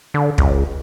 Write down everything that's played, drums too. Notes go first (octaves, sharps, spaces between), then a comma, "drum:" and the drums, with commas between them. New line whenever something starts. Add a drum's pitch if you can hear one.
D3
C#2, drum: kick